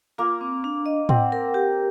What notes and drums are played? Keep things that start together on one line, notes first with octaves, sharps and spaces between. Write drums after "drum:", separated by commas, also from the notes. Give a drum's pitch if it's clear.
A#3 F4
C4
D4
D#5
C4 F#5, drum: tom A2
A#4
G4